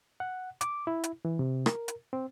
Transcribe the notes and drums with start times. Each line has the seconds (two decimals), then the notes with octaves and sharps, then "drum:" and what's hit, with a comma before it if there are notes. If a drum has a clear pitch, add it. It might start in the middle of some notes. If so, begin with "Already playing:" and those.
0.20 F#5
0.61 D6, drum: hi-hat
0.87 E4
1.04 drum: hi-hat
1.25 E3
1.39 C3
1.66 A#4, drum: rim click
1.88 drum: hi-hat
2.13 C4